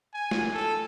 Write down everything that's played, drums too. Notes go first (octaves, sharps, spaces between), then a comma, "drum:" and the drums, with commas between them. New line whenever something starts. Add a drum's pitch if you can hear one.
G#5
drum: snare
A4